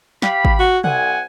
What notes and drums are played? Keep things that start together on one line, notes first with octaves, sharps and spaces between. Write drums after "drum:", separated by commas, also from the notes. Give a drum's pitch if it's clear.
G4 F5 B5, drum: snare
drum: kick G#1
F#4
C2 F#5 G#5, drum: tom